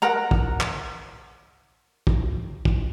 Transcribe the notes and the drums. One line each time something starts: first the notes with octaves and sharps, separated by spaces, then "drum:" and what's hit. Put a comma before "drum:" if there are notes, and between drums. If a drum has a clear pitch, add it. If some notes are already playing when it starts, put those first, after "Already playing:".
A#4 F#5 A#5
drum: kick
drum: clap
drum: kick
drum: kick